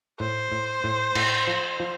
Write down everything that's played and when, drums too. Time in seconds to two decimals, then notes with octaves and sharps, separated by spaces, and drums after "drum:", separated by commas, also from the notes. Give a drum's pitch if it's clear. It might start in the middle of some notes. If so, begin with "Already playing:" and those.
0.20 A2 C5
0.52 A2
0.84 A2
1.15 A2, drum: cymbal
1.47 F3
1.80 F3